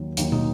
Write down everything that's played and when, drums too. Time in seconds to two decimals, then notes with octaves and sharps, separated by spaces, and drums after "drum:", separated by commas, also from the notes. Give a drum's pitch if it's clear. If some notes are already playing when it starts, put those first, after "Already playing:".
Already playing: D#2 D#3 F#3
0.17 D#2 D#3 F#3, drum: hi-hat
0.32 D#4, drum: tom